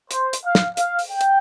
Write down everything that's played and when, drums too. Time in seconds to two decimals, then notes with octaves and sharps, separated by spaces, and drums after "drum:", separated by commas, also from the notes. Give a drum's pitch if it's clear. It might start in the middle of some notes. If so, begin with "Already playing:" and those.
0.11 C5, drum: hi-hat
0.33 drum: hi-hat
0.45 F5
0.55 drum: snare
0.77 F5, drum: hi-hat
0.99 drum: open hi-hat
1.09 G5
1.21 drum: hi-hat